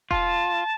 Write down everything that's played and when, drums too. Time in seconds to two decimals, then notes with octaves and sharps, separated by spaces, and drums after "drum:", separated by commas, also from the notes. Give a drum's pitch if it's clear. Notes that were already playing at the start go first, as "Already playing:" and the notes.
0.11 F4 A5, drum: kick E1